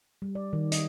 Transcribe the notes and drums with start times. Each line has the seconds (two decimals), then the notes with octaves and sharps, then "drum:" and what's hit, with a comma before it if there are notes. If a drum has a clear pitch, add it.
0.22 G3
0.35 D5
0.53 D#3
0.72 D#5, drum: hi-hat